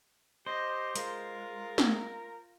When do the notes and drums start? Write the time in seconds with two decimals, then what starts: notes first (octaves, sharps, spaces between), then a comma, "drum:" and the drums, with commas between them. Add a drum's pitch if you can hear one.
0.46 G4 C5 D#5
0.96 G#3 F4 A#4, drum: hi-hat
1.78 drum: snare